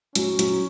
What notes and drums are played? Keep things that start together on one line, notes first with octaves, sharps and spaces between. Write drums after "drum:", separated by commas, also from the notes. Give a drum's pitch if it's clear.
F#3 C#4, drum: hi-hat
F#3, drum: hi-hat